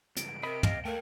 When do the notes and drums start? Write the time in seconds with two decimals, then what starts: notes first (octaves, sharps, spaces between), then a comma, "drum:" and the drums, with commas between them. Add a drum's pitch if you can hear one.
0.17 C#2 G2 D7, drum: hi-hat
0.43 C3 A#4 D#5 B5
0.63 D#5 F5, drum: tom
0.85 A3 A#4 F5 G5